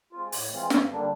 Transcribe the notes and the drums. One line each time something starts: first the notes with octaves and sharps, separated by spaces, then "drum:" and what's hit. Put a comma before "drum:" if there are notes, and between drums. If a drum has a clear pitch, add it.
G#3 C4 F4
A2, drum: open hi-hat
E3 G#3 C4 F4
G2, drum: snare
D3 G3 A#3 D4